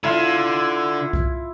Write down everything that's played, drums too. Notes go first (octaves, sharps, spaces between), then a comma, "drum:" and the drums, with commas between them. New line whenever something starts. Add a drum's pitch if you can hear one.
D3 E4 F4 F5
drum: kick C2